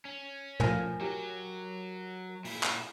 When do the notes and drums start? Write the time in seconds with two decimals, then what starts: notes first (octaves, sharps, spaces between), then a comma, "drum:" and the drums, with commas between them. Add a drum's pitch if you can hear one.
0.05 C#4
0.60 A2 F3 A#4 G#5, drum: tom
1.01 F#3 G4
2.45 A#2 E4, drum: open hi-hat
2.63 drum: clap